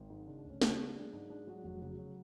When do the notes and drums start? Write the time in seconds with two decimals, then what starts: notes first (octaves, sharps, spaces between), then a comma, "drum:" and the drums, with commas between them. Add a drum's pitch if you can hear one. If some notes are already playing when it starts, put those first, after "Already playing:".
Already playing: G#1
0.10 G#2
0.27 C#3 D4
0.38 D4
0.44 D2
0.50 C#4
0.62 C#3 D4, drum: snare
0.79 G#3
0.96 G#3 D4
1.13 G#2 D4
1.30 G#3 D4
1.47 F#3 G#3 F#4
1.64 F1 F#3 F#4
1.82 C#3 F#3 F#4
1.98 F#3